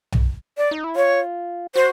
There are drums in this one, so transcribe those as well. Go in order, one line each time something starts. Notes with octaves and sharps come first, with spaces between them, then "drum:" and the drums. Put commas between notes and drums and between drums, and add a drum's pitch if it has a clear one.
drum: tom B1
D5
D#4
E4
F4 C#5
F#4 C5